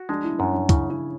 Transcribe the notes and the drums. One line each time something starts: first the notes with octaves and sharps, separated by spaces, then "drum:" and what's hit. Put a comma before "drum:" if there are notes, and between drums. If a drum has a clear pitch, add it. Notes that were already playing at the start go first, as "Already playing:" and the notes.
Already playing: F#4
G#3 D4
E4
F#2 C#4
D4
C#3 E4, drum: kick C#2, hi-hat
E4